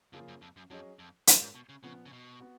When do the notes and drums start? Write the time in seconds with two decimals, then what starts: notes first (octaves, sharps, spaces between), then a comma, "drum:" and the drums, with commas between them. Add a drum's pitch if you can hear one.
0.13 F2 C#3 F3 A#3 F4 G#4
0.28 F#2
0.42 F2
0.57 F#2
0.70 F2 F#3 C#4 G#4 D#5
0.99 F2
1.27 G#3 C#4 F4 A#4, drum: hi-hat
1.42 G#2
1.55 B2
1.69 C#3
1.83 A#2 C#3 F3 B3
2.06 C#3
2.12 B2
2.40 B3 F#4